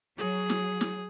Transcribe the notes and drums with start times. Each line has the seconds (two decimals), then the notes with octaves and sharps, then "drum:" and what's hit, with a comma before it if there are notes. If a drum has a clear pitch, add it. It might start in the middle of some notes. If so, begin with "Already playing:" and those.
0.18 F#3 G#4
0.50 drum: snare
0.81 drum: snare